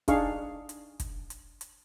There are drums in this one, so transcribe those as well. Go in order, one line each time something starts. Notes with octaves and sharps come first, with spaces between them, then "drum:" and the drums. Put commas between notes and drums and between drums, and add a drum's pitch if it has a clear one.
D4 D#4 G#4 F5 C#6, drum: kick, hi-hat
drum: hi-hat
drum: kick, hi-hat
drum: hi-hat
drum: hi-hat